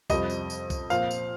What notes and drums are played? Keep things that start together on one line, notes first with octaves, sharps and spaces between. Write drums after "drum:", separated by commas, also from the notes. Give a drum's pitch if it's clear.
F2 C3 G3 D#5, drum: kick B1, tambourine
drum: tambourine
drum: tambourine
drum: kick B1, tambourine
A#2 F3 C4 F5, drum: tambourine
drum: tambourine